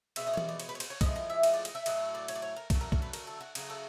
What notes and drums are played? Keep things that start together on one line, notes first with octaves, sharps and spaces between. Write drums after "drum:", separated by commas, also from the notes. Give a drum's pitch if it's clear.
B2 G#3 E5, drum: cymbal
D#5
C#5
D5, drum: tom E3
D5
C#5, drum: cymbal
B4
C#5
C5, drum: cymbal
C#5
A2 F3 G#3 D#5, drum: kick, cymbal
D#5
E5
D#5, drum: cymbal
D5
D#5, drum: cymbal
E5
A2 F#3 A3 D#5, drum: cymbal
D5
C#5, drum: cymbal
D5
C#5
A#4
D3 F#3 A3 A4, drum: kick, cymbal
A#4
A#4, drum: kick
B4
A#4, drum: cymbal
A4
F#4
C#3 F#3 A3, drum: cymbal
A4